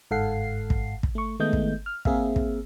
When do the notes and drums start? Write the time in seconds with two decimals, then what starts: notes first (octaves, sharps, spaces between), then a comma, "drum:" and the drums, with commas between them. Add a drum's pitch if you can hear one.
0.11 G1 G#2 A4 F5 F#5 C7
0.70 drum: kick
1.03 drum: kick
1.15 A3 C#6
1.40 D#3 G#3 A3 B3 D#5 G6
1.53 drum: kick
1.86 F6
2.05 A#3 C4 G#4 A#4 E5 F5, drum: kick
2.36 drum: kick